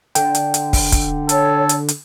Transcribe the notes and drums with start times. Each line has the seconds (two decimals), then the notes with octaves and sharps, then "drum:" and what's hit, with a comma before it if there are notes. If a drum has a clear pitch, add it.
0.15 D3 G5, drum: hi-hat
0.35 drum: hi-hat
0.54 drum: hi-hat
0.73 drum: kick, open hi-hat
0.92 drum: kick, hi-hat
1.29 A4 C#5, drum: hi-hat
1.69 drum: hi-hat
1.88 drum: hi-hat